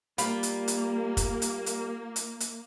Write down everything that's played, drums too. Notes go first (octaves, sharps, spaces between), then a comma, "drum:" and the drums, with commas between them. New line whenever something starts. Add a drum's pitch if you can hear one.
G3 A#3 F4 B5, drum: hi-hat
drum: hi-hat
drum: hi-hat
drum: kick, hi-hat
drum: hi-hat
drum: hi-hat
drum: hi-hat
drum: hi-hat